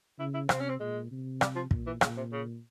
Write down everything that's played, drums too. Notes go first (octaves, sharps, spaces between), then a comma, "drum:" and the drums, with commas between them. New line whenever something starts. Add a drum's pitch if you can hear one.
C#3 E4
E4
C3 C4, drum: rim click
C#4
C4
A#2 G#3
C3
G3, drum: rim click
F3
A#2, drum: kick
E3
A#2 C#3, drum: rim click
C3
C#3